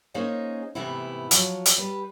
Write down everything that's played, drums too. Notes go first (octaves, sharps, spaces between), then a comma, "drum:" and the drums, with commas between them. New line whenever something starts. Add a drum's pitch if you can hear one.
A#3 C#4 D#4 G#4 C5 D#5
G#2 C3 E3 A3 B3 E4
F3 F#3, drum: hi-hat
drum: hi-hat
G3 B4